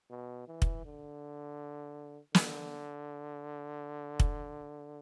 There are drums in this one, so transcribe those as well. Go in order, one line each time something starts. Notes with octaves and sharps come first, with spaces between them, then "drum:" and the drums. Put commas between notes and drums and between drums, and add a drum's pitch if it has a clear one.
B2
E3
drum: kick
D3
D3, drum: snare
drum: kick